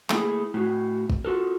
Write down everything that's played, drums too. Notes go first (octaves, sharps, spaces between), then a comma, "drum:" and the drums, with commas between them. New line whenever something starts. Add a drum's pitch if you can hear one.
A3 A#3 D#4 E4 G#4, drum: clap
A2 F#4
drum: kick
F4 F#4 A4 A#4